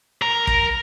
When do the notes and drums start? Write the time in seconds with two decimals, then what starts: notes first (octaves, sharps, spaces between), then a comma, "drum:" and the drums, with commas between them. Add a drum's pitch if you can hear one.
0.22 A#4 A#5
0.47 drum: kick